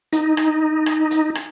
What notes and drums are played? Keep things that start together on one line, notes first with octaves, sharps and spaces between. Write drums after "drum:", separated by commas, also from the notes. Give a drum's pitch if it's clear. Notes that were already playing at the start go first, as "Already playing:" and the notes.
D#4, drum: hi-hat
drum: rim click
drum: rim click
drum: hi-hat
drum: rim click